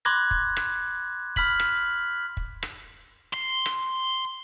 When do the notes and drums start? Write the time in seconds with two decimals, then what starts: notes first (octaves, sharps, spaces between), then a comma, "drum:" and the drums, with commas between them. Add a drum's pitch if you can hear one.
0.05 B5 C6 D6 F#6 G#6 A#6
0.31 drum: kick
0.57 drum: rim click
1.36 B5 F6 B6 F#7, drum: kick
1.60 drum: rim click
2.37 drum: kick
2.63 drum: rim click
3.33 C6
3.66 drum: rim click